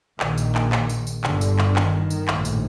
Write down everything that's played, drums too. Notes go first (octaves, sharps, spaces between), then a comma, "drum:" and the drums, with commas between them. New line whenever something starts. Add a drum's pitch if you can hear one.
A#1 A#2 D#3, drum: clap
drum: tambourine
drum: clap
drum: clap
drum: tambourine
drum: tambourine
G1 G2 D3, drum: clap
drum: tambourine
drum: clap
D#3, drum: clap
drum: tambourine
A#1 A2, drum: clap
drum: tambourine